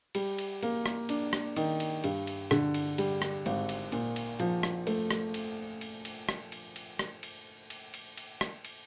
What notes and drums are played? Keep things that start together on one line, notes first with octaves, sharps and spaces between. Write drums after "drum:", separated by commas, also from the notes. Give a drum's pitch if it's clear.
G3, drum: cymbal
drum: cymbal
A#3, drum: cymbal
drum: rim click
D4, drum: cymbal
drum: rim click
D#3, drum: cymbal
drum: cymbal
G2, drum: cymbal
drum: cymbal
D3, drum: rim click
drum: cymbal
G3, drum: cymbal
drum: rim click
G#1, drum: cymbal
drum: cymbal
A#2, drum: cymbal
drum: cymbal
F3, drum: cymbal
drum: rim click
A3, drum: cymbal
drum: rim click
drum: cymbal
drum: cymbal
drum: cymbal
drum: rim click
drum: cymbal
drum: cymbal
drum: rim click
drum: cymbal
drum: cymbal
drum: cymbal
drum: cymbal
drum: rim click
drum: cymbal